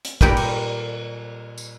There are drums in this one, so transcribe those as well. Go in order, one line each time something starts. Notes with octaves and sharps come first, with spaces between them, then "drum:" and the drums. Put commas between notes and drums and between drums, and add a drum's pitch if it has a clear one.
drum: hi-hat
A#2 G3 G4 A#4 B4, drum: kick
drum: cymbal
drum: tambourine